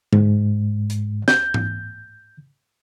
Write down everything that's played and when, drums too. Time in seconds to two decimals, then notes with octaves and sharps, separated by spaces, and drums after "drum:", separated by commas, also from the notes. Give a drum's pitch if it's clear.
0.13 G#2, drum: tom D3
0.90 drum: hi-hat
1.28 G6, drum: snare
1.54 drum: tom G#2